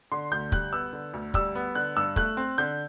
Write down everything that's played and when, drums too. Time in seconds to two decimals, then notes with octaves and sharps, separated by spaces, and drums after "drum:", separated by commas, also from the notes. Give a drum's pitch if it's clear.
0.12 D3 C6
0.31 D2 G6
0.52 G3 F#6, drum: kick
0.73 B3 E6
0.93 D3
1.13 D2
1.34 G3 E6, drum: kick
1.55 B3
1.75 D3 F#6
1.97 G2 E6
2.16 A3 F#6, drum: kick
2.37 C4
2.58 D3 G6